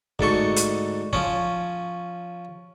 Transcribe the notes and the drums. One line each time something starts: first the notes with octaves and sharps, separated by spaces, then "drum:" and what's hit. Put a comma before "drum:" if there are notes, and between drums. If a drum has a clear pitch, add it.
D2 G#2 A4 C#6, drum: kick
drum: hi-hat
F3 C#4, drum: kick